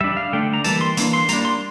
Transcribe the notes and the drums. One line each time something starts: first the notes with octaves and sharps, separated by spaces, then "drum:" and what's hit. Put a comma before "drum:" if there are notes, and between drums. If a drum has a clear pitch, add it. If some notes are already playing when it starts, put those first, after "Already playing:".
G3 D4 E5
F5
D3 A3 D4 G5
A#5
E3 G3 A#3 A5, drum: hi-hat
C6
E3 A#3 D4, drum: hi-hat
C6
G3 A#3 D4 A#5, drum: hi-hat
C6